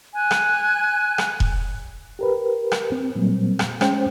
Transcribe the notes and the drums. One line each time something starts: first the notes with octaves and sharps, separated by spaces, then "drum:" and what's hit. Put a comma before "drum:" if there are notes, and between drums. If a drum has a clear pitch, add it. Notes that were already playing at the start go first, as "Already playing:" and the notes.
G#5 F#6
drum: rim click
drum: rim click
drum: kick E1
G4 A#4 B4
drum: rim click
C4
A#2 F#3 G3 A#3 C4
drum: rim click
G#3 C#4 C5 G5, drum: rim click